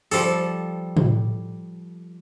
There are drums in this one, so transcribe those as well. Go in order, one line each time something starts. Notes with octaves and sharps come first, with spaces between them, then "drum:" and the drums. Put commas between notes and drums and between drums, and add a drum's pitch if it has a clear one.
F3 G3 A4, drum: open hi-hat
drum: tom A2